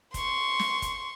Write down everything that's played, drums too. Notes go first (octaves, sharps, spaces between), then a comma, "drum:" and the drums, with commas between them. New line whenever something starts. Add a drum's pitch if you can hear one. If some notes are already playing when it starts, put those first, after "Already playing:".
C6 C#6, drum: kick, hi-hat
drum: snare
drum: kick, hi-hat